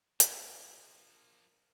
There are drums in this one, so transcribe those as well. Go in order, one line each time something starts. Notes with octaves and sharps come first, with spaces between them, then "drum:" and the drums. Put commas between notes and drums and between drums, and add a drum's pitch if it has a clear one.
F3 A#3, drum: hi-hat